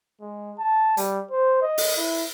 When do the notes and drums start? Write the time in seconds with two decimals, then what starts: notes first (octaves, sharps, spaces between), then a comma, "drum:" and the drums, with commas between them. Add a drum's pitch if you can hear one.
0.21 G#3
0.59 A5
0.97 G3, drum: hi-hat
1.31 C5
1.62 D#5
1.78 drum: open hi-hat
1.97 E4